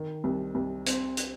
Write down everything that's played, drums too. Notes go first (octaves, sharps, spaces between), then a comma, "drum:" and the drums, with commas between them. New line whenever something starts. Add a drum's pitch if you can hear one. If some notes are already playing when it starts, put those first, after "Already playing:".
Already playing: D#3
C2
C2
C4, drum: hi-hat
drum: hi-hat